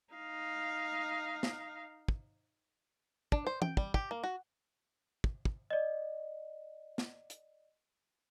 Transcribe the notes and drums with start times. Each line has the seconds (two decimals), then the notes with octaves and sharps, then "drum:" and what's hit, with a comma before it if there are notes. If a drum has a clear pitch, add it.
0.14 D#4 F5
1.43 drum: snare
2.08 drum: kick
3.32 D4, drum: kick
3.47 C5
3.62 G5, drum: tom E3
3.77 G3, drum: kick
3.94 G4, drum: kick
4.11 A#3
4.24 F#4
5.24 drum: kick
5.45 drum: kick
5.70 D5 D#5
6.98 drum: snare
7.30 drum: hi-hat